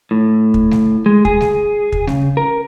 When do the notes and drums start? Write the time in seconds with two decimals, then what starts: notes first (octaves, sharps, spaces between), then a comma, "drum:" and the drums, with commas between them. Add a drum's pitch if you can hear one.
0.11 A2
0.54 drum: kick
0.71 drum: snare G3
1.06 G#3
1.25 G#4, drum: kick
1.41 drum: snare G3
1.92 drum: kick
2.07 C#3, drum: snare G3
2.37 A#4